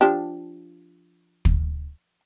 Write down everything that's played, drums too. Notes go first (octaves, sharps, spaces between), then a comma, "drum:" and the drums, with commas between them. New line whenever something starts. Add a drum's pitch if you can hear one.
F3 D4 G4
drum: kick